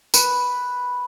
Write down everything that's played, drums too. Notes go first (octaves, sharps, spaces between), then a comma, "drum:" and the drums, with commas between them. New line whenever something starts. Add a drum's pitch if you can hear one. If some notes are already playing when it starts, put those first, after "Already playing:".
B4, drum: tambourine